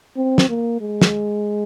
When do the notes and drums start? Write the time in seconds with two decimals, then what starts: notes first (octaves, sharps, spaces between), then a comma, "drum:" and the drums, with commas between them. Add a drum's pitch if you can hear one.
0.17 C4
0.38 drum: snare
0.49 A#3
0.81 G#3
1.01 drum: snare